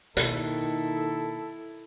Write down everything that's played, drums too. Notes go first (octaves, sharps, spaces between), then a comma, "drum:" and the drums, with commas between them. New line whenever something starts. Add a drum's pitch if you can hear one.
B2 D#3 A#3 E4 A4, drum: hi-hat